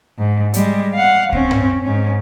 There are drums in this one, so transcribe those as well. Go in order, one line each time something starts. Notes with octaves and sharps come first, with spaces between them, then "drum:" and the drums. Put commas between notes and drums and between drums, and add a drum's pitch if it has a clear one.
G#2
G3 G#3, drum: hi-hat
F5 F#5
C4 C#4, drum: kick C#2
drum: tom G2
G#2 C#4